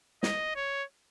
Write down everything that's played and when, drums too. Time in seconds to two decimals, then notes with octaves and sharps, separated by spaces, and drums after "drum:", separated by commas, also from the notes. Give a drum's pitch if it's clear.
0.23 D#5, drum: snare
0.55 C#5